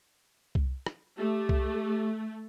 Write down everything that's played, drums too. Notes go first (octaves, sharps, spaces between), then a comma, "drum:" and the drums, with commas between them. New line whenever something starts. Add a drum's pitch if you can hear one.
drum: kick C2
drum: rim click
A3 G4
drum: kick C2